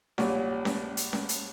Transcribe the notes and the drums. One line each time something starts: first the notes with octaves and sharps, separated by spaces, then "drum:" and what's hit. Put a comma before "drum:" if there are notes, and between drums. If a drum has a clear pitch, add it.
A#1 A#2 G3 C#4 F#4, drum: snare C#4
drum: snare C#4
drum: hi-hat
drum: snare C#4
drum: hi-hat